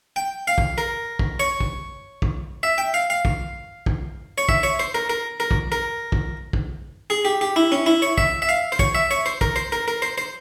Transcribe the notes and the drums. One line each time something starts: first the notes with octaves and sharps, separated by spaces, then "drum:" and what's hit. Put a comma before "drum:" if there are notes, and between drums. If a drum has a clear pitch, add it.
G5
F5
drum: kick
A#4
drum: kick
C#5
drum: kick
drum: kick
E5
G5
F5
F5
drum: kick
drum: kick
C#5
E5, drum: kick
C#5
C5
A#4
A#4
A#4
drum: kick
A#4
drum: kick
drum: kick
G#4
G4
G4
E4
C#4
E4
C#5
E5, drum: kick
E5
F5
C5
C#5, drum: kick
E5
C#5
C5
A#4, drum: kick
C5
A#4
A#4
C5
C5